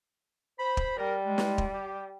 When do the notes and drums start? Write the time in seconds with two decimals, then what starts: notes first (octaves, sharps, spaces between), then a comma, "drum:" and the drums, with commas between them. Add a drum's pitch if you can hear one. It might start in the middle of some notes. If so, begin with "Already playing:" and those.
0.59 C5 B5
0.77 drum: kick
0.97 G3 A#4
1.26 G#3
1.38 drum: snare
1.58 drum: kick
1.73 G4